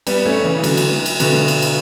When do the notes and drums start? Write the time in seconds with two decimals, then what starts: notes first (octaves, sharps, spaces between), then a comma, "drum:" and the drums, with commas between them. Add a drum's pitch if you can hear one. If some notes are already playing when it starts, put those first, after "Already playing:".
0.07 G3 B3, drum: cymbal
0.26 A3 C#4
0.44 C#3 E3
0.64 D3 F#3, drum: cymbal
0.77 drum: cymbal
0.91 drum: snare
1.06 drum: cymbal
1.20 B2 D3, drum: cymbal
1.34 drum: snare
1.48 drum: cymbal
1.62 drum: cymbal